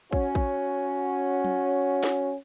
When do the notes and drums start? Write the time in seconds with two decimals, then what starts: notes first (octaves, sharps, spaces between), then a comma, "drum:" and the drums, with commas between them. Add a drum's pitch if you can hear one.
0.13 C#4 F#4, drum: kick
0.35 drum: kick
1.45 drum: tom F#3
2.04 drum: snare